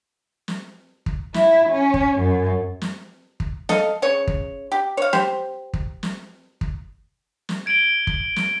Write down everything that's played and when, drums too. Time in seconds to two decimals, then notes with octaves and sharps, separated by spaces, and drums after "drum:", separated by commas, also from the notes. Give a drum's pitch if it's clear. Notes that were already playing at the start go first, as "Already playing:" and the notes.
0.48 drum: snare
1.06 drum: kick
1.34 E4, drum: snare
1.69 C#4
1.94 drum: kick
2.19 F#2
2.81 drum: snare
3.40 drum: kick
3.69 A4 D#5 F5, drum: snare
4.02 C#3 C#5
4.27 drum: kick
4.72 G4
4.97 C#5 F5
5.13 G4 C5, drum: snare
5.74 drum: kick
6.03 drum: snare
6.61 drum: kick
7.49 drum: snare
7.66 G#6 D7 D#7 F#7 G7
8.07 drum: kick
8.36 drum: snare